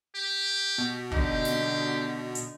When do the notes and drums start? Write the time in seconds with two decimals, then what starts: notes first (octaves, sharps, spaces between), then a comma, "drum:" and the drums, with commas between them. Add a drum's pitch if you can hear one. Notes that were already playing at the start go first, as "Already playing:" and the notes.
0.16 G4
0.78 B2
1.12 D3 D#4 G4, drum: kick
1.45 drum: snare
2.35 drum: hi-hat